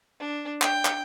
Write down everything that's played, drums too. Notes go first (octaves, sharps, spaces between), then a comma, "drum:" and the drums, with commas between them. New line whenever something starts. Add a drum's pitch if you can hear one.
D4
G5, drum: clap
drum: clap